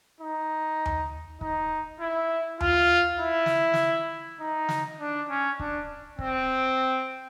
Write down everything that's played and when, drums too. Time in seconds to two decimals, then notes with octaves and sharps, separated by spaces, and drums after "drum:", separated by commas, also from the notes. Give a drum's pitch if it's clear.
0.20 D#4
0.85 drum: tom D#2
1.41 D#4, drum: kick
2.00 E4
2.60 F4, drum: tom D#2
3.20 E4
3.46 drum: snare
3.74 drum: snare
4.40 D#4
4.69 drum: snare
5.00 D4
5.29 C#4
5.59 D4, drum: kick
6.19 C4, drum: kick